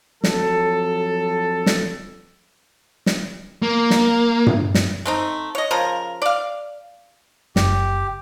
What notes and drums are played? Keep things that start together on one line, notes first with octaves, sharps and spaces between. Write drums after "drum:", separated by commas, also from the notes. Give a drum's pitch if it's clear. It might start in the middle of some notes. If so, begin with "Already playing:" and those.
F2 F#3 A4, drum: snare
drum: snare
drum: snare
A#3
drum: snare
drum: tom G2
drum: snare
A3 C4 D#4
C#5 D#5
C#3 F3 A#4
D5 F5
F#1 G4, drum: snare